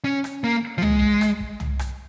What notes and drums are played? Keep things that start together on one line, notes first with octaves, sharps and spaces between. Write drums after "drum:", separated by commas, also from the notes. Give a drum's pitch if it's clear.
C#4
drum: rim click
A#3
F3
G#3, drum: tom
drum: kick
drum: rim click
drum: kick
drum: tom
drum: rim click